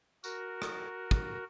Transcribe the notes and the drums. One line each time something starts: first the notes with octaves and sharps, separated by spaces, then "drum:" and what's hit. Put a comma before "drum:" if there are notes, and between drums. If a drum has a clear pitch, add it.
F#4 A#4, drum: tambourine
drum: rim click
drum: kick